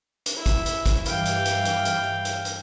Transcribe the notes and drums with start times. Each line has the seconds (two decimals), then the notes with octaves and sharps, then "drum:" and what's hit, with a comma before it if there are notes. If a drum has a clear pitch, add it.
0.26 drum: hi-hat
0.36 E4 E5
0.46 drum: kick G1, hi-hat
0.66 drum: hi-hat
0.86 drum: kick G1, hi-hat
1.06 G2 E3 G3 F5 G5, drum: hi-hat
1.25 drum: hi-hat
1.45 drum: hi-hat
1.65 drum: hi-hat
1.85 drum: hi-hat
2.25 drum: hi-hat
2.45 drum: hi-hat